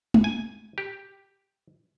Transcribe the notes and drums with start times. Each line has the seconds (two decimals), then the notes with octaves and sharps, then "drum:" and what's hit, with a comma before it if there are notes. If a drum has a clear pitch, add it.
0.14 drum: tom
0.24 G#5
0.78 G4